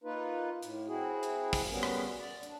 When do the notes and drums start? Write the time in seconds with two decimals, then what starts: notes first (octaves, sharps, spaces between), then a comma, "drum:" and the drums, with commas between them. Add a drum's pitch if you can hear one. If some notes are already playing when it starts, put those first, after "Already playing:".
0.04 A#3 D#4 F4 B4
0.62 A2, drum: hi-hat
0.88 C4 E4 F#4 G#4
1.23 drum: hi-hat
1.53 drum: kick, open hi-hat
1.70 G3 B3 C#4 F#4 G#4 A#4
1.83 drum: rim click
2.20 D5
2.43 D4, drum: hi-hat